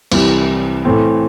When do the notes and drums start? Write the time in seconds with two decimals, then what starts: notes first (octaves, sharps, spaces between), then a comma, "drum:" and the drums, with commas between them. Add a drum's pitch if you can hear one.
0.12 C2 C3 E3 G3, drum: cymbal
0.85 A2 E3 A3 C4